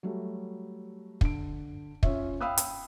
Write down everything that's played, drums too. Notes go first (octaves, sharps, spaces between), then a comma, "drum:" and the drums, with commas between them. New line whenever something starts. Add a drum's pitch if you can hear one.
F#3 G3 A3
D3 D7, drum: kick
C#4 F4 C#5 E5, drum: kick
F5 G5 B5 D#6 E6 F#6
drum: hi-hat